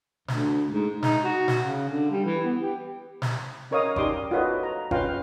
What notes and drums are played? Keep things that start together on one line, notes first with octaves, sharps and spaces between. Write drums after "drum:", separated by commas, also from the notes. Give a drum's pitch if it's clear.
D2, drum: snare
G#2
D#4, drum: snare
F#4
drum: snare
C#3
D3
G3
E3
B3
G4
drum: snare
C#4 A#4 C#5 D#5 F5 D#6
D#4 G4 D5 C6 D6 D#6, drum: kick G1
F4 F#4 A4 B4 C#5 D#5
A#5
C#4 F4 B4 F5 G5 C6, drum: kick G1